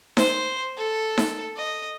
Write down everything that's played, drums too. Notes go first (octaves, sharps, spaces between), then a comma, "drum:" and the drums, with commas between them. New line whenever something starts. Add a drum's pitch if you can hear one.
C5, drum: snare D#4
A4
drum: snare D#4
D#5